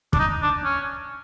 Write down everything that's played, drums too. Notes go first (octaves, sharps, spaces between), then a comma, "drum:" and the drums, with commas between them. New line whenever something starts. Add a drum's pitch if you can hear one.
D4, drum: kick
D#4
D4
C#4